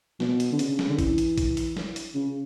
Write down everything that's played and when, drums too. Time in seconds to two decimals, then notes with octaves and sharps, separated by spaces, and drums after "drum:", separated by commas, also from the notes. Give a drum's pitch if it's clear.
0.20 B2, drum: snare
0.40 drum: hi-hat
0.52 D3
0.59 C#3, drum: hi-hat
0.79 drum: snare
0.89 D3
0.99 E3, drum: kick, hi-hat
1.18 drum: hi-hat
1.38 drum: kick, hi-hat
1.57 drum: hi-hat
1.77 drum: snare
1.96 drum: hi-hat
2.15 C#3